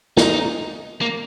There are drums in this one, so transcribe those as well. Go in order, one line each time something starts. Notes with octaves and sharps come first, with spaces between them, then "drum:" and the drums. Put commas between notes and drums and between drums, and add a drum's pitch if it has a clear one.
D#4, drum: snare
A#3